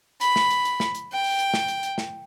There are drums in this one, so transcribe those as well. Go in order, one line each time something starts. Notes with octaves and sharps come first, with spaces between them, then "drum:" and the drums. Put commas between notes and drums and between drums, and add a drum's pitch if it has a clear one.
B5, drum: hi-hat
drum: snare
drum: hi-hat
drum: hi-hat
drum: snare
drum: hi-hat
G5
drum: open hi-hat
drum: hi-hat
drum: snare
drum: hi-hat
drum: hi-hat
drum: snare